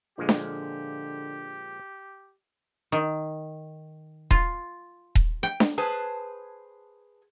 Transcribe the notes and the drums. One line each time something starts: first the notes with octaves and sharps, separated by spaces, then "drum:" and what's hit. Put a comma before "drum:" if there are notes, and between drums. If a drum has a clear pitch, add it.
A#2 D3 F3 G#3 G4
drum: snare D4
D#3
F4, drum: kick D#1
drum: kick D#1
G5
drum: snare D4
G#4 B4 C5 A5